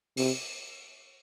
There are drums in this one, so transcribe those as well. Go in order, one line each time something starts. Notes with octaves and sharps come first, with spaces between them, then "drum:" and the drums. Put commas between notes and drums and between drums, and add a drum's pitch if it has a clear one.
C3, drum: open hi-hat